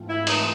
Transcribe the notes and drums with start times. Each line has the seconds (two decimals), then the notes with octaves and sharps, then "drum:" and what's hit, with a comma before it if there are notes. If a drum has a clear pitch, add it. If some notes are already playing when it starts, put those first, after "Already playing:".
Already playing: G#2 E3 A3 C4 F4
0.09 E4
0.27 D#4, drum: cymbal